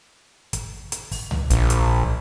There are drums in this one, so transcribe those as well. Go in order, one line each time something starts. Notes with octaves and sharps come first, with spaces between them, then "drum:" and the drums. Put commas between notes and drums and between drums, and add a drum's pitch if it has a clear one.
drum: kick, hi-hat
drum: hi-hat
drum: kick, open hi-hat
drum: tom C#2
A#1, drum: hi-hat
drum: hi-hat